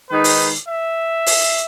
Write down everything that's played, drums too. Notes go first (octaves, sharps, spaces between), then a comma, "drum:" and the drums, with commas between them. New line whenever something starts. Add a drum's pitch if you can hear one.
D#3 G#3 D#4 B4
drum: open hi-hat
E5
drum: open hi-hat